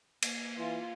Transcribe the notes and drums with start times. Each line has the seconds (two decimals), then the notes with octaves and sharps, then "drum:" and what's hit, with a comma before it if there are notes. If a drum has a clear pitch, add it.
0.22 A#3, drum: cymbal
0.58 E3 F4